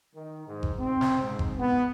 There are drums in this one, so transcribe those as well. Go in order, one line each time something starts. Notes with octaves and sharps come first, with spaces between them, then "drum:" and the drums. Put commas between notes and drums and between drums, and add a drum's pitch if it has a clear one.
D#3
G#2
drum: kick G1
C4
drum: snare
G#2
drum: kick G1
B3